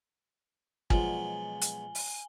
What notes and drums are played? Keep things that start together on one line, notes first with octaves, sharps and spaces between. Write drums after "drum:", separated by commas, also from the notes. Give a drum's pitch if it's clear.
B2 F3 F#3 G#3 G#5 F#7 G7, drum: kick
drum: hi-hat
drum: open hi-hat